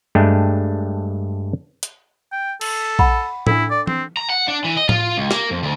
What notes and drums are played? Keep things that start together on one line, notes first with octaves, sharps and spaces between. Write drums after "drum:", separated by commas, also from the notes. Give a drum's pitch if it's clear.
G2 G#3 A3 D4 G5
drum: hi-hat
G5
A4, drum: cymbal
F#5 B5, drum: kick A#1
D4 E4 A4, drum: tom A2
D5
C4, drum: tom E3
A#5
F#5
D4
E3
D#5
F4, drum: tom A2
C#2
A#3, drum: snare
F2
D2